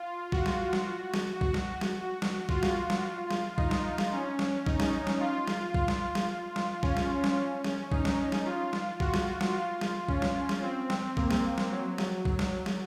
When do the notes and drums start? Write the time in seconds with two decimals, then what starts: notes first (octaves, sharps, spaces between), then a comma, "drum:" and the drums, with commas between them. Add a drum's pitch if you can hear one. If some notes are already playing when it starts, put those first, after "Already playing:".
Already playing: F4
0.32 F#4, drum: kick A#1
0.46 drum: snare
0.73 drum: snare
1.14 drum: snare
1.41 F#4, drum: kick A#1
1.54 drum: snare
1.81 drum: snare
2.22 drum: snare
2.49 F4, drum: kick A#1
2.63 drum: snare
2.90 drum: snare
3.31 drum: snare
3.58 D#4, drum: kick A#1
3.71 drum: snare
3.98 drum: snare
4.12 C#4
4.39 drum: snare
4.66 D#4, drum: kick A#1
4.80 drum: snare
5.07 drum: snare
5.20 F4
5.48 drum: snare
5.74 F4, drum: kick A#1
5.88 drum: snare
6.15 drum: snare
6.56 drum: snare
6.83 C#4, drum: kick A#1
6.97 drum: snare
7.24 drum: snare
7.64 drum: snare
7.92 D#4, drum: kick A#1
8.05 drum: snare
8.32 drum: snare
8.46 F4
8.73 drum: snare
9.00 F#4, drum: kick A#1
9.14 drum: snare
9.41 drum: snare
9.54 F4
9.81 drum: snare
10.08 C#4, drum: kick A#1
10.22 drum: snare
10.49 drum: snare
10.62 C4
10.90 drum: snare
11.17 A#3, drum: kick A#1
11.31 drum: snare
11.58 drum: snare
11.71 F#3
11.98 drum: snare
12.25 F#3, drum: kick A#1
12.39 drum: snare
12.66 drum: snare